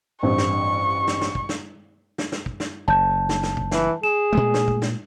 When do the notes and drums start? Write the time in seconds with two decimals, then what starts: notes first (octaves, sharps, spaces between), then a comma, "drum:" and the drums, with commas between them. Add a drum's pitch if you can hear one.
0.23 A1 G2 C4 C#6
0.38 drum: snare
1.07 drum: snare
1.21 drum: snare
1.35 drum: kick
1.49 drum: snare
2.18 drum: snare
2.32 drum: snare
2.46 drum: kick
2.60 drum: snare
2.88 F#1 A5 G6
3.29 drum: snare
3.43 drum: snare
3.57 drum: kick
3.72 E3, drum: snare
4.03 G#4 E7
4.33 A#2 G#3 A3
4.54 drum: snare
4.68 drum: kick
4.82 drum: snare